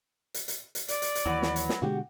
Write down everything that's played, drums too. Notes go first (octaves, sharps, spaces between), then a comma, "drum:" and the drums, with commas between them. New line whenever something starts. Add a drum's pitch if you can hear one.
drum: hi-hat
drum: hi-hat
drum: hi-hat
D5, drum: hi-hat
drum: hi-hat
drum: hi-hat
D#2 E3 F#3 F#4 B4
drum: snare
drum: hi-hat
drum: snare
B2 D3 G#3 F#4 G4